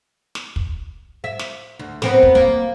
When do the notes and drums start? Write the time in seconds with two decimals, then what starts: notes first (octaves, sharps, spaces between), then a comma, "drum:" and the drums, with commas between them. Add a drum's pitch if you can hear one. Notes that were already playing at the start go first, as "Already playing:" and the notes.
0.35 drum: snare
0.56 drum: kick
1.24 E5
1.39 drum: snare
1.79 D2
2.02 B3 C4 A#4, drum: snare
2.23 drum: kick
2.35 A#3